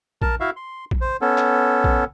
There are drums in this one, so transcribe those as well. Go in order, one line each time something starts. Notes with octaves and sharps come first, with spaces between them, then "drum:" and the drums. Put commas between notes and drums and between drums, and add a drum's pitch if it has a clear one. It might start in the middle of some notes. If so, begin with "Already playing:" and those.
A#4 A5, drum: kick A#1
E4 F#4 E5 F5
C6
drum: kick A#1
C5
B3 C#4 A4
drum: clap
drum: kick A#1